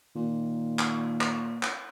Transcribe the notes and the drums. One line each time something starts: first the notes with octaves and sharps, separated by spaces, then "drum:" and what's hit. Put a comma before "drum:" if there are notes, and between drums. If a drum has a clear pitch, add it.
A#2 D#3
drum: clap
drum: clap
drum: clap